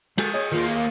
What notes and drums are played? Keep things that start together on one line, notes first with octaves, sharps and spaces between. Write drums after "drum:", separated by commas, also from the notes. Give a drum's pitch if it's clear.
G#3 F#4 A4, drum: cymbal
G#4 C#5 D#5
D#3 A#3 F4
F5